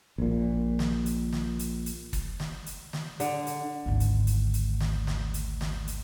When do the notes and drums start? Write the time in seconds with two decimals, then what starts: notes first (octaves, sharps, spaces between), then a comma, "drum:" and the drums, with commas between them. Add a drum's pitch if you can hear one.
0.18 A#1 A#2
0.79 drum: snare
1.06 drum: hi-hat
1.33 drum: snare
1.59 drum: hi-hat
1.86 drum: hi-hat
2.13 drum: kick, hi-hat
2.40 drum: snare
2.66 drum: hi-hat
2.93 drum: snare
3.20 D3, drum: hi-hat
3.47 drum: hi-hat
3.86 G#1 D2
4.00 drum: hi-hat
4.27 drum: hi-hat
4.54 drum: hi-hat
4.80 drum: snare
5.07 drum: snare
5.34 drum: hi-hat
5.61 drum: snare
5.87 drum: hi-hat